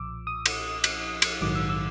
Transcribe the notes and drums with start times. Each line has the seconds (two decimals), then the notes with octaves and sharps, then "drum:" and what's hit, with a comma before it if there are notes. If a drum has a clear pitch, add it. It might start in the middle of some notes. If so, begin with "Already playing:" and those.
Already playing: B1 A#2 F3 D6 E6
0.27 D#6
0.46 drum: cymbal
0.84 drum: cymbal
1.22 drum: cymbal
1.41 A#1 G#2 D#3 F#3 D6
1.55 E6
1.69 E6